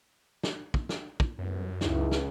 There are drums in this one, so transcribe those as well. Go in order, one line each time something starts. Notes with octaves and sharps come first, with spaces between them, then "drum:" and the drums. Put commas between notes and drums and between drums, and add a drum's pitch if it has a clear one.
drum: snare
drum: kick
drum: snare
drum: kick
C2 F#2 A2 B3
C#2 D#4 E4, drum: snare
drum: snare